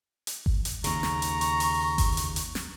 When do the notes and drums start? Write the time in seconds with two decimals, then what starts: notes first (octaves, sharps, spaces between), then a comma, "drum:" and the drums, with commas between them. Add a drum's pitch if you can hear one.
0.27 drum: hi-hat
0.46 drum: kick G1
0.65 drum: hi-hat
0.84 D#2 C#3 A#5 C#6, drum: hi-hat
1.03 drum: snare
1.22 drum: hi-hat
1.41 drum: hi-hat
1.60 drum: open hi-hat
1.98 drum: kick G1, open hi-hat
2.17 drum: hi-hat
2.36 drum: hi-hat
2.55 drum: snare